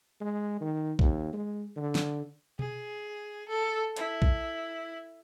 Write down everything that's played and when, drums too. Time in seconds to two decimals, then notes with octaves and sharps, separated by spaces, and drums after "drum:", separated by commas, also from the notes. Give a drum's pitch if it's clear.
0.21 G#3
0.61 D#3
0.99 D#2, drum: kick
1.33 G#3
1.77 D3
1.95 drum: snare
2.59 G#4, drum: tom B2
3.49 A4
3.96 E4, drum: hi-hat
4.22 drum: kick